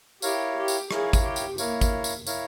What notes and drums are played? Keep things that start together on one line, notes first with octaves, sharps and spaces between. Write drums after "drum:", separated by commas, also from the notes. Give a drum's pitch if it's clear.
E4 G4 A#4 C#5 F5, drum: tambourine
G4
drum: tambourine
E4 G#4 A#4 C#5 F5, drum: rim click
drum: kick G#1, tambourine
G4
drum: tambourine
A#3 E4 A#4 C#5 F5, drum: tambourine
drum: kick G#1, tambourine
drum: tambourine
E4 A#4 C#5 F5, drum: tambourine